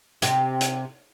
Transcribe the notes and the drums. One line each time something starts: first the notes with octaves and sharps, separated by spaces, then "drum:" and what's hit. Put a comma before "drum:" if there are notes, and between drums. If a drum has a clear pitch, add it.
C3 C4 G4, drum: hi-hat
drum: hi-hat